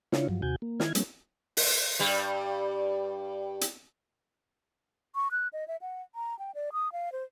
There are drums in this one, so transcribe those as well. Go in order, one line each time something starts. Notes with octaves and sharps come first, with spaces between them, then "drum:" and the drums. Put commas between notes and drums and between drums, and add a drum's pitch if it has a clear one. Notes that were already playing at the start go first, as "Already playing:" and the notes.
C#3 D4 E4 F4 C#5, drum: snare
G2 F3 F#3
D#2 C3 F#4 G#5 G6
A#3
D#3 E4 F6 G#6, drum: snare
F#3 G#3 A3 B3 C#4, drum: hi-hat
drum: open hi-hat
G2 G3
drum: hi-hat
C#6
F#6
D#5
E5
F#5
A#5
G5
D5
D#6
F5
C5